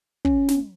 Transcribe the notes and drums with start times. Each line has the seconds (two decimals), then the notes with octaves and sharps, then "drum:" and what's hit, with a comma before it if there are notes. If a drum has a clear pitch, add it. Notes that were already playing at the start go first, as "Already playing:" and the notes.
0.25 C#4, drum: kick
0.48 drum: snare